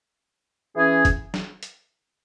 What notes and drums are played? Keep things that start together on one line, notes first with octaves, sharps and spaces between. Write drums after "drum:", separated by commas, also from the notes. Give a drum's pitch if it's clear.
E3 C#4 G#4
drum: kick F1, hi-hat
drum: snare
drum: hi-hat